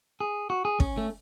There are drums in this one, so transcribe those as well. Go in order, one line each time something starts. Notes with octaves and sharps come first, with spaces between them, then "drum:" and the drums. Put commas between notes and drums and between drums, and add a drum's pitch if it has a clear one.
G#4
F#4
G#4
C#4, drum: kick
A3